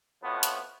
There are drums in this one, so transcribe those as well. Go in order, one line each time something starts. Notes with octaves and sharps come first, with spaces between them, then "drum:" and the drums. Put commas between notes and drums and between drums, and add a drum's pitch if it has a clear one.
F2 A2 F3 B3 F#4
drum: hi-hat